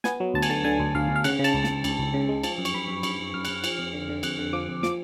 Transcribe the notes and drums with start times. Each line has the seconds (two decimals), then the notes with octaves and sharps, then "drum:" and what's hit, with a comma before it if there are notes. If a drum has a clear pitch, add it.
0.04 B3 G#5, drum: snare
0.20 F#3
0.34 D2 A5
0.42 G#5, drum: cymbal
0.50 D3 A5
0.64 D3 G#5
0.79 D2
0.95 D2 F5
1.09 D2
1.16 F5
1.24 C#3 F#5, drum: cymbal
1.39 C#3
1.44 A5, drum: cymbal
1.54 C#2
1.64 A5, drum: snare
1.69 C#2
1.84 C#2, drum: cymbal
1.99 C#2
2.14 C#3
2.29 G#3
2.43 F3 A5, drum: cymbal
2.58 F#2
2.65 C#6, drum: cymbal
2.74 F#2 B5
2.88 F#2
3.03 F#2 C#6, drum: cymbal
3.19 F#2
3.34 F#2 F6
3.45 F#2 F#6, drum: cymbal
3.55 F6
3.64 F3, drum: cymbal
3.79 F2
3.93 D3
4.09 D3
4.23 F2 F#6, drum: cymbal
4.38 D3
4.53 F3 D6
4.69 F2
4.83 F3 D6, drum: snare